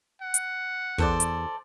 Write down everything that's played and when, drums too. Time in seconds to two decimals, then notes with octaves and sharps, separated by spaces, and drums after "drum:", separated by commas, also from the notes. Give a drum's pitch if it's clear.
0.22 F#5
0.34 drum: hi-hat
0.98 E2 A4 C5 D5, drum: kick
1.20 drum: hi-hat